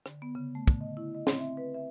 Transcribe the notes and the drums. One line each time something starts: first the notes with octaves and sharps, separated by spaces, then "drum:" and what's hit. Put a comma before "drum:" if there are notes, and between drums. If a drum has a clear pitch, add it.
D3, drum: rim click
B3
C#3
A3
D3, drum: kick
D#5
E4
D#5
C4, drum: snare
E5
B4
E5